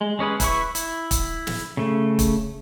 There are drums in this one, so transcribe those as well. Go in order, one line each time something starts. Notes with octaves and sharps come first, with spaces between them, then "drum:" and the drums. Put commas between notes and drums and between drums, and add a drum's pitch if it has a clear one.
G#3
G#3 C#4 G#4 B4
E4 B4 E5 C#6, drum: kick, hi-hat
E4, drum: hi-hat
drum: kick, hi-hat
drum: snare
C#3 A3
drum: kick, hi-hat